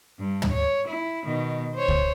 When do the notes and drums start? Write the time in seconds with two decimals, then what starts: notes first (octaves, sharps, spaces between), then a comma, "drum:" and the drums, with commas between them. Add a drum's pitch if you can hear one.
0.19 G2
0.42 drum: tom
0.52 C#5
0.88 E4
1.26 B2 D#3
1.75 C5 C#5
1.88 drum: kick C#2